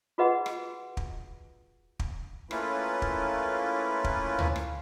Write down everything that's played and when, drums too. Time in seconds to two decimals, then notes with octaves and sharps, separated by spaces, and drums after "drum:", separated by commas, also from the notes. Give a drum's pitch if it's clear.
0.18 F4 F#4 G#4 B4 D#5 F#5
0.46 drum: rim click
0.97 drum: kick
1.99 drum: kick
2.51 A3 A#3 C#4 E4 F4 B4, drum: rim click
3.02 drum: kick
4.04 drum: kick
4.39 drum: tom
4.56 drum: rim click